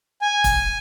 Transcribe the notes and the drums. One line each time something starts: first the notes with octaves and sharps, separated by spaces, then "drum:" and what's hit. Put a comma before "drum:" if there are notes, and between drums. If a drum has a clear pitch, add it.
G#5
drum: kick, hi-hat